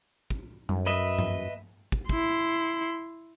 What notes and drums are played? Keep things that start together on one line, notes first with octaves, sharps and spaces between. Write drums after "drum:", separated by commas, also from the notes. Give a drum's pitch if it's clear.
drum: kick
F#2, drum: tom G3
B4 D#5 E5
drum: tom G2
drum: kick
E4 C6, drum: kick